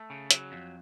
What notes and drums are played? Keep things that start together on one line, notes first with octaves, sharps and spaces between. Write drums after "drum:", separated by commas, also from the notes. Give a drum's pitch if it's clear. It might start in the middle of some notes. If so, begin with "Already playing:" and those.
Already playing: A3
C#3
F#3, drum: hi-hat
F2